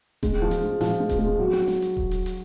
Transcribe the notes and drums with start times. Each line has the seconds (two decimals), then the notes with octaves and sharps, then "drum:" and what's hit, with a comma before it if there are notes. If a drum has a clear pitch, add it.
0.23 G#3, drum: kick D#1, hi-hat
0.42 F3
0.51 drum: hi-hat
0.61 G#3
0.81 F3, drum: snare
1.00 G#3
1.09 drum: kick D#1, hi-hat
1.19 G#3
1.39 F#3
1.53 drum: snare
1.68 drum: snare
1.82 drum: hi-hat
1.97 drum: kick D#1
2.11 drum: hi-hat
2.26 drum: hi-hat